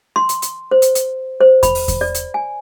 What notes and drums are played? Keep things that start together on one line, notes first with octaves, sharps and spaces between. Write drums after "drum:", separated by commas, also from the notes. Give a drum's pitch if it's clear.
C6
drum: hi-hat
drum: hi-hat
C5
drum: hi-hat
drum: hi-hat
C5
B5, drum: kick E2, hi-hat
drum: open hi-hat
drum: kick E2, hi-hat
D5
drum: hi-hat
G#5